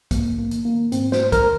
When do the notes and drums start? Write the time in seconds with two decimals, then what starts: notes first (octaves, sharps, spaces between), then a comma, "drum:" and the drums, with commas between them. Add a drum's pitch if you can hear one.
0.11 G#2 A#3, drum: kick A#1, hi-hat
0.38 A#3
0.51 D#3, drum: hi-hat
0.65 A#3
0.92 G#2 C4, drum: hi-hat
1.12 C5, drum: snare
1.32 D#3 A#4, drum: kick A#1, hi-hat